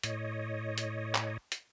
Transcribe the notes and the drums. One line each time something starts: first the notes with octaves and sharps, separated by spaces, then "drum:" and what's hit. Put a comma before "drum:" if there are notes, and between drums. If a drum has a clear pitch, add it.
A2 C#5 D#5, drum: hi-hat
drum: hi-hat
drum: clap
drum: hi-hat